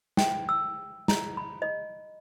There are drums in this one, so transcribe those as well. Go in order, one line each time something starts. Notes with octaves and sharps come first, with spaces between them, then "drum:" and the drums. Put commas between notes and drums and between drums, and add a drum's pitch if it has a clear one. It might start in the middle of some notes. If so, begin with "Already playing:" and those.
G5, drum: snare
E6
A#5, drum: snare
B5
D#5